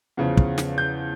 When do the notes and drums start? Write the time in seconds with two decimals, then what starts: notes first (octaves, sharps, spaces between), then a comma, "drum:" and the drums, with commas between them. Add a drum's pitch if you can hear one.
0.17 E2 C#3 F3
0.37 drum: kick
0.58 drum: snare
0.78 G6